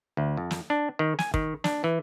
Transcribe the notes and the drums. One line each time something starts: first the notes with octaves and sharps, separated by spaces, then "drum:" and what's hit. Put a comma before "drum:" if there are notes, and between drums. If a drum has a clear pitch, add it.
D2
F2
drum: snare
D4
D#3
G#5, drum: snare
D#3, drum: kick
D4, drum: snare
E3